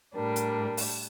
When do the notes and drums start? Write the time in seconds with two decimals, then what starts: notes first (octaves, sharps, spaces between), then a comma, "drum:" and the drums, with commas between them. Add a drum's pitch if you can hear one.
0.15 A2 G3 D4 A#4
0.36 drum: hi-hat
0.77 drum: open hi-hat